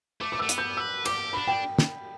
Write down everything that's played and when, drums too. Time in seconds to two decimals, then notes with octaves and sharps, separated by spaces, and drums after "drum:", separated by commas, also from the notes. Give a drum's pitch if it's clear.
0.21 A3 D6
0.32 D6
0.39 A3 E6
0.49 B3, drum: hi-hat
0.58 G6
0.77 B4 E6
1.05 G4 D6, drum: cymbal
1.33 D4 B5
1.47 G5
1.78 drum: snare